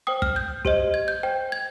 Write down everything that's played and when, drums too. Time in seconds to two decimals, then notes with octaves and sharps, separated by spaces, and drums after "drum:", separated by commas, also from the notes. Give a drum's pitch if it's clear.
0.07 C5 G5 D#6
0.22 F6, drum: kick
0.36 G6
0.65 G4 C5 D#5, drum: kick
0.94 G#6
1.08 G6
1.23 C5 G5
1.52 G#6